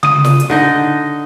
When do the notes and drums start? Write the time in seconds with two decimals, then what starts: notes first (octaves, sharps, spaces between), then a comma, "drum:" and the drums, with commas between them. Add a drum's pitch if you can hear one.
0.03 D#6 D#7, drum: tom C#3
0.25 drum: snare
0.40 drum: hi-hat
0.50 D3 D#4 D#5